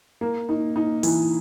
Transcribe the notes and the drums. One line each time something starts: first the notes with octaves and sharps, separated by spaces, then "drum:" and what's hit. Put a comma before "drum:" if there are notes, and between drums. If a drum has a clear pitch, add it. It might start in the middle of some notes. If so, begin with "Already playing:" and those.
A#3
D#4
D#4
E3, drum: open hi-hat